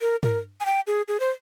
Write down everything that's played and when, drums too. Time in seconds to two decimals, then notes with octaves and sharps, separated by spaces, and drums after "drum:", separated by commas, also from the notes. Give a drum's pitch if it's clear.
0.01 A#4
0.23 A#4, drum: tom
0.60 G#5
0.65 G5
0.87 G#4
1.08 G#4
1.20 C5